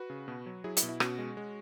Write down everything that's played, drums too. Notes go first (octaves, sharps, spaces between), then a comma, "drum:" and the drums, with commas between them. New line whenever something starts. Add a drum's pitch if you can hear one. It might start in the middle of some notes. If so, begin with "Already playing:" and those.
Already playing: F#4 B4
C#3
B2
F#3
F#3 E4 G#4
E4, drum: hi-hat
B2
E4
B2 C#4 F#4, drum: rim click
G#3
G#3